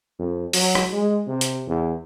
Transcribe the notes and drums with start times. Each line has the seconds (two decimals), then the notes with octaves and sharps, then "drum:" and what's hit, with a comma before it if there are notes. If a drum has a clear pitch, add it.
0.19 F2
0.53 F#3, drum: open hi-hat
0.75 drum: rim click
0.93 G#3
1.27 C3
1.41 drum: hi-hat
1.67 E2